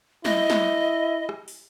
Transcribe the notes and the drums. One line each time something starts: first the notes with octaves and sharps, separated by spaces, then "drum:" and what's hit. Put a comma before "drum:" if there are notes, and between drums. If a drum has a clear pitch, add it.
E4 D#5, drum: snare
drum: snare
drum: rim click
drum: open hi-hat